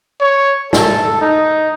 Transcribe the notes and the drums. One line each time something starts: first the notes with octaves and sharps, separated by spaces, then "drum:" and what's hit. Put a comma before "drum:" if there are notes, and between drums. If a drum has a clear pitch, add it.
C#5
A4, drum: snare
D#4